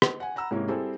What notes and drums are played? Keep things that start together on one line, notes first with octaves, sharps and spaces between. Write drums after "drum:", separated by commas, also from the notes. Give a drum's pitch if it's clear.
drum: rim click
F#5 G#5
F#5 A#5 B5 E6
G#2 C3 G#3 A#3 C#4 E4
G3 C4 E4 G#4 A4